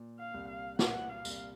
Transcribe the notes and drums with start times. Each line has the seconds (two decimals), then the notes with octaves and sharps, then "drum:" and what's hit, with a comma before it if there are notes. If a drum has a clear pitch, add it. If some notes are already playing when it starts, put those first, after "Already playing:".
Already playing: A#2
0.19 F5
0.34 C2
0.49 F5
0.79 A#2 F#5, drum: snare
1.09 F5
1.25 C2, drum: tambourine